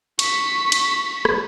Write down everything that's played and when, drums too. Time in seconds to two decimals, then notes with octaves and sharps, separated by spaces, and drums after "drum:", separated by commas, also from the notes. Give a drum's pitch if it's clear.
0.19 C#6 B6, drum: cymbal
0.72 drum: cymbal
1.25 drum: rim click